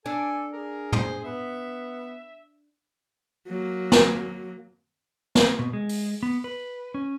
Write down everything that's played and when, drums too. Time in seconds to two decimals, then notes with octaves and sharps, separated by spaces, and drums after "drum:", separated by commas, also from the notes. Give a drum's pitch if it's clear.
0.06 D4 A4 G#5
0.53 G#4 A#4
0.92 C5, drum: tom
1.24 B3 E5
3.48 F#3 A#3
3.92 drum: snare
5.35 drum: snare
5.59 B2
5.73 G#3
5.89 drum: open hi-hat
6.23 B3
6.44 B4
6.94 C#4